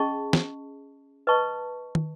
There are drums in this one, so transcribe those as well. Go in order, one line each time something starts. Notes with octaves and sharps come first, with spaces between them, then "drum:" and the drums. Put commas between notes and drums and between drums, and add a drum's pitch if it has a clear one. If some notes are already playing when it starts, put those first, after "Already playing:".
Already playing: C#4 G#4 D#5 A5 C#6
drum: snare
B4 D#5 A5 C#6
drum: tom